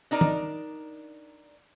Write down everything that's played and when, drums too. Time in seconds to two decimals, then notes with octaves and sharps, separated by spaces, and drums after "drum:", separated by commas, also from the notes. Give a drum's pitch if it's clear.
0.11 D4 D#4 A#4 D5
0.21 drum: tom